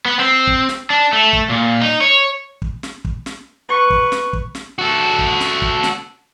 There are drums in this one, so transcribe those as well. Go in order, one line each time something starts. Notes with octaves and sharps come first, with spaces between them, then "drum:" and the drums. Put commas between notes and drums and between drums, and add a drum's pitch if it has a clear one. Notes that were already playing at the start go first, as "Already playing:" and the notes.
B3
C4
drum: kick
drum: snare
D4
A3
drum: kick
A#2
D#4
C#5
drum: kick
drum: snare
drum: kick
drum: snare
B4 C#6
drum: kick
drum: snare
drum: kick
drum: snare
F#4 A4
drum: kick
drum: snare
drum: kick
drum: snare